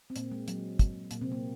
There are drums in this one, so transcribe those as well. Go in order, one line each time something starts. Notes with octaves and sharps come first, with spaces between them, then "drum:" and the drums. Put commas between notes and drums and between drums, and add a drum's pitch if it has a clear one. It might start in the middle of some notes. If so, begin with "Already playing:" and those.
C4
A#2 A#3, drum: hi-hat
G#3
F#3, drum: hi-hat
drum: kick, hi-hat
A#2 A#3, drum: hi-hat
C3 C4
A#2 A#3